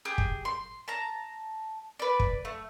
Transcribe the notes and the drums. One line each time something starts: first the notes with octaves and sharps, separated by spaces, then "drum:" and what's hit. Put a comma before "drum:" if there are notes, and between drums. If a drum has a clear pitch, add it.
G4 G#4
drum: kick
C6
A5 A#5
B4 D5
drum: kick
A3